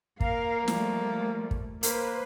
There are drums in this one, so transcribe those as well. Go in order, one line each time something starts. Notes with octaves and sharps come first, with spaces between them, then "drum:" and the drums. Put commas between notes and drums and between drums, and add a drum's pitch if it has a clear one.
A#3 A#4 F5, drum: kick
F3 G3 A3, drum: snare
drum: kick
A#3 B4 C5, drum: hi-hat